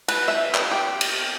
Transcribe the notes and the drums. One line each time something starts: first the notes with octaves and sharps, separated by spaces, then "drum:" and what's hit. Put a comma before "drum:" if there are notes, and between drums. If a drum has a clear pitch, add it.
B4, drum: cymbal
E5
drum: clap
G4
drum: cymbal